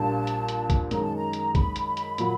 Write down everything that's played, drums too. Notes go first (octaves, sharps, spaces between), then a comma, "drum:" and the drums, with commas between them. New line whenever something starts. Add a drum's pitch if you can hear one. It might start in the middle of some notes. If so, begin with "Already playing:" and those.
Already playing: A#1 A#2 G3 A#3 D4 A5
drum: hi-hat
drum: hi-hat
drum: kick A#1, hi-hat
F#2 D#3 G#3 A#5, drum: hi-hat
A5
A#5
drum: hi-hat
B5, drum: kick A#1, hi-hat
drum: hi-hat
drum: hi-hat
A#2 F#3, drum: hi-hat